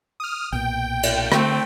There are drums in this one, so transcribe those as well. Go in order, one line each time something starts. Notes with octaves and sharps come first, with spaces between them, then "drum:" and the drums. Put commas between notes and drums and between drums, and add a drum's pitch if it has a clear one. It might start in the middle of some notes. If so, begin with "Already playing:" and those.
D#6 F6
B1 A#2 G5
drum: cymbal
D3 A3 C4, drum: rim click